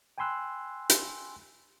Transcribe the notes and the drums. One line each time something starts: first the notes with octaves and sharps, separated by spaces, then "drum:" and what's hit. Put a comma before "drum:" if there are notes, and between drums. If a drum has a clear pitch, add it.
G5 G#5 B5 C6 E6 F#6
drum: hi-hat